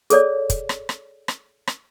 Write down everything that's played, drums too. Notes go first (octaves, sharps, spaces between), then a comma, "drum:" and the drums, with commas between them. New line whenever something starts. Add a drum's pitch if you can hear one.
G#4 A4 C#5 D5, drum: hi-hat
drum: kick, hi-hat
drum: rim click
drum: rim click
drum: rim click
drum: rim click